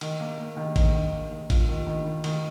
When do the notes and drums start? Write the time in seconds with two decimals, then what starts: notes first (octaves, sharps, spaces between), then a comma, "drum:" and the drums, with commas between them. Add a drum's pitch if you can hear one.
0.01 D#3, drum: cymbal
0.20 A#3
0.38 A#3
0.57 D#3
0.76 D#3, drum: kick A1, cymbal
0.94 D#3
1.13 A#3
1.31 D#3
1.50 F4, drum: kick A1, cymbal
1.69 D#3
1.87 D#3
2.05 D#3
2.24 D#3, drum: cymbal